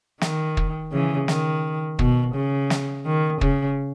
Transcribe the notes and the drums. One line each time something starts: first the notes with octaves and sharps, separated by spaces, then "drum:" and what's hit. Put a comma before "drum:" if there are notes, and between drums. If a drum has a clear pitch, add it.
D#3, drum: snare
drum: kick
C#3 E3
D#3, drum: snare
B2, drum: kick
C#3
drum: snare
D#3
C#3, drum: kick